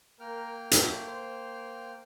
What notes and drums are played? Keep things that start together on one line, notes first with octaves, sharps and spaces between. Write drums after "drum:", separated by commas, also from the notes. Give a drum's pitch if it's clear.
A#3 A#4 G5 F6
A3, drum: hi-hat
C5